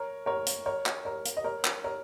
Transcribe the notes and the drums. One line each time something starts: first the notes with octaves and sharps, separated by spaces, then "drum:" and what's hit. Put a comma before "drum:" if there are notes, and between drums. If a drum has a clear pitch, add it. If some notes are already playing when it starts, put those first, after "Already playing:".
Already playing: A#4 C#5
A#4 C#5
drum: hi-hat
A#4 C#5
drum: clap
A#4 C#5
drum: hi-hat
D#5
A#4 C#5
drum: clap
A#4 C#5